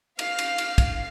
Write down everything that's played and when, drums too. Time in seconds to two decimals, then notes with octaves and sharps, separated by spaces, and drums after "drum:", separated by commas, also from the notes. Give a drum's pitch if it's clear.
0.19 F5, drum: cymbal
0.39 drum: cymbal
0.58 drum: cymbal
0.78 drum: kick, cymbal